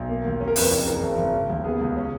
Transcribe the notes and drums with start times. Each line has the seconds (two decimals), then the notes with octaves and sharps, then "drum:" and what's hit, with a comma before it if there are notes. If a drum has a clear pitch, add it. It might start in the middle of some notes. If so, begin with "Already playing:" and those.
Already playing: B1
0.09 A#3
0.25 D#2
0.40 C#4
0.48 A#4
0.56 F2 B4, drum: open hi-hat
0.71 F#1 C#5
0.87 F#1 A#4
1.02 G#1
1.17 G#1
1.33 C#4
1.49 D#2
1.64 B3 G#4
1.80 C#2
1.96 C#4